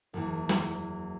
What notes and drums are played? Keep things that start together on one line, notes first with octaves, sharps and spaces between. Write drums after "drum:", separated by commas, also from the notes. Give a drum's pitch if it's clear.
F#1 E2
drum: snare